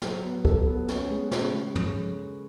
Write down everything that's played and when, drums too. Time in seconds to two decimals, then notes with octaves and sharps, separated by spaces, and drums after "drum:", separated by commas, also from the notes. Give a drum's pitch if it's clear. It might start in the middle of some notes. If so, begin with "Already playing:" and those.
0.02 F#3, drum: snare
0.24 B3
0.45 A4, drum: kick
0.67 B3
0.88 C#4, drum: snare
1.10 G#3
1.31 C#3, drum: snare
1.54 G#3
1.75 drum: tom